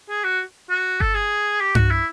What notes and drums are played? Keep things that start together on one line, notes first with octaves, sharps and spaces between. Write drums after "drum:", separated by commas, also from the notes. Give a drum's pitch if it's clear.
G#4
F#4
F#4
A4, drum: kick G1
G#4
G4
F#4, drum: tom G2
E4